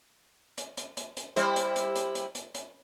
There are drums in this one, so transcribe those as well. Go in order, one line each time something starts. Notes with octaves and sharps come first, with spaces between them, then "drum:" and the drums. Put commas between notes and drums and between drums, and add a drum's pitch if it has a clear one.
drum: hi-hat
drum: hi-hat
drum: hi-hat
drum: hi-hat
G3 E4 C5, drum: hi-hat
drum: hi-hat
drum: hi-hat
drum: hi-hat
drum: hi-hat
drum: hi-hat
drum: hi-hat